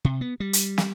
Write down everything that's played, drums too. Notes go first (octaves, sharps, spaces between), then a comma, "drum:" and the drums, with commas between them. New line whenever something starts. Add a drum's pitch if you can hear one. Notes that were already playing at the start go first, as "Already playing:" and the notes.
C3
B3
G3
drum: hi-hat
drum: snare